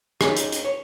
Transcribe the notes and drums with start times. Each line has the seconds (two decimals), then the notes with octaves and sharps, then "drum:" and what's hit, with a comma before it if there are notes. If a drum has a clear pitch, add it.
0.21 D#2 F#3 G3 C#4 D#4 G#4, drum: rim click
0.37 drum: hi-hat
0.52 drum: hi-hat
0.64 C#5